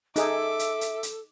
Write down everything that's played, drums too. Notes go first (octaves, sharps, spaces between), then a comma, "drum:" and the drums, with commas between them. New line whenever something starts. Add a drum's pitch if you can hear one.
D#4 G#4 A4 E5 D6, drum: hi-hat
drum: hi-hat
drum: hi-hat
drum: hi-hat